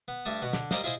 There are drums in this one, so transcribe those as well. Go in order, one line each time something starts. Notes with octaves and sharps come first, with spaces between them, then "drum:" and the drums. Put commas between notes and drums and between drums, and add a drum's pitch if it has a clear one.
B3
G2 A3 A5 D#6
B2 B3
D3, drum: snare
G3 A#3 C5 D#5 F5, drum: snare
E4 F4 G#4 C5 D#5